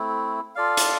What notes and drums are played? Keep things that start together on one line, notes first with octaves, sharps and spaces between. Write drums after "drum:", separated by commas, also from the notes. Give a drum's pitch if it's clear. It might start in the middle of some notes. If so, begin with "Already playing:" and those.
Already playing: A3 C4 E4
F4 A4 D5 F5
drum: hi-hat